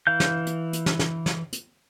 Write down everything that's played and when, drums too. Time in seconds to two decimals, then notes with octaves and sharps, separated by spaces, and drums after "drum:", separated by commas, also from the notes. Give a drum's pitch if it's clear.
0.07 E3 F5 G6
0.20 drum: snare
0.46 drum: hi-hat
0.73 drum: hi-hat
0.86 drum: snare
0.99 drum: snare
1.26 drum: snare
1.52 drum: hi-hat